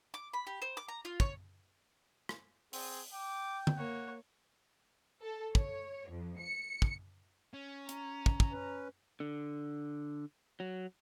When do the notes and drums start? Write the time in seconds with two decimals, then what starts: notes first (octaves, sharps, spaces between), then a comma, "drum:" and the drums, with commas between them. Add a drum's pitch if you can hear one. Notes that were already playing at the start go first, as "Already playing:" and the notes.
0.14 D6
0.33 B5
0.47 G4
0.62 C5
0.77 D6
0.88 A#5
1.05 F4
1.20 C#5, drum: kick
2.29 drum: rim click
2.73 C4 G#4, drum: open hi-hat
3.12 G5 D6
3.67 drum: tom D3
3.77 A#3 C#5 F#5
5.21 A4
5.55 C#5, drum: kick
6.10 F2
6.39 C#7
6.82 drum: kick
7.54 C#4
7.89 A#5, drum: hi-hat
8.26 drum: kick
8.40 drum: kick
8.52 C#4 B4
9.20 D3
10.60 F#3